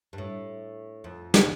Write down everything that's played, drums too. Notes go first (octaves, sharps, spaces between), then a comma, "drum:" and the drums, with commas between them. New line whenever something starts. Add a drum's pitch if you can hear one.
G2
A2
F2
drum: snare